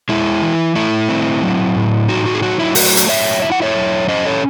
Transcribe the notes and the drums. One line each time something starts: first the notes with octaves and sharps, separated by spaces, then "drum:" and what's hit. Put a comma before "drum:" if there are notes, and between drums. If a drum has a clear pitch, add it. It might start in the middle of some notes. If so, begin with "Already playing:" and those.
G#3 E4
E3
A3 E4
C4
F#3
A2
D#4 F#4
F#4
G#4
F#3 F#4
E4
A3 F#4, drum: open hi-hat
drum: hi-hat
F#3 C#5 E5
E4 E5
F#5
C#5 E5
F#3
C#4 C5 D#5
A4 C#5